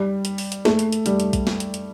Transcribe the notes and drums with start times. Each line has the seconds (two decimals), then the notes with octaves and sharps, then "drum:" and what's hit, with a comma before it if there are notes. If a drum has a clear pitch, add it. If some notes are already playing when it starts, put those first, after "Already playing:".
Already playing: G3
0.25 drum: hi-hat
0.38 drum: open hi-hat
0.52 drum: hi-hat
0.65 A3, drum: snare
0.79 drum: hi-hat
0.92 drum: hi-hat
1.06 G3, drum: hi-hat
1.20 drum: hi-hat
1.33 drum: kick, hi-hat
1.47 drum: snare
1.60 drum: hi-hat
1.74 drum: hi-hat